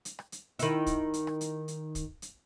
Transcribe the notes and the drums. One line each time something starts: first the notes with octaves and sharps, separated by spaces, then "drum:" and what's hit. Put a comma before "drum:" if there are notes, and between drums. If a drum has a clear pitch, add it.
drum: hi-hat
drum: rim click
drum: hi-hat
D#3 E4, drum: hi-hat
drum: kick, hi-hat
drum: hi-hat
drum: rim click
drum: hi-hat
drum: hi-hat
drum: kick, hi-hat
drum: hi-hat